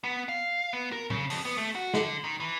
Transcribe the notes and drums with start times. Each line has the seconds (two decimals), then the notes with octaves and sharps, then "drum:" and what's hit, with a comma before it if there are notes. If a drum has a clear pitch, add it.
0.04 B3
0.29 F5
0.73 B3
0.92 A#4
1.10 C#3, drum: tom
1.30 F2, drum: open hi-hat
1.45 B3
1.57 A3
1.75 F#4
1.94 D3, drum: snare
2.24 D#3
2.40 E3